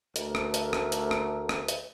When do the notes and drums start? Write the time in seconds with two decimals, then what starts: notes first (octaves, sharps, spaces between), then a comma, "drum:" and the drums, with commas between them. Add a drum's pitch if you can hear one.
0.16 D2 A3 A#4, drum: hi-hat
0.35 drum: rim click
0.54 drum: hi-hat
0.73 drum: rim click
0.92 drum: hi-hat
1.11 drum: rim click
1.49 drum: rim click
1.68 drum: hi-hat